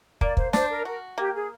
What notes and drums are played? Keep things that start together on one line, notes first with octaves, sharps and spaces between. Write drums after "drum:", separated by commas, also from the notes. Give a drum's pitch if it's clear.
A#3 D5, drum: kick
C5, drum: kick
D4 C5, drum: snare
A#4
F#4 A#4
A#3 G4
G#4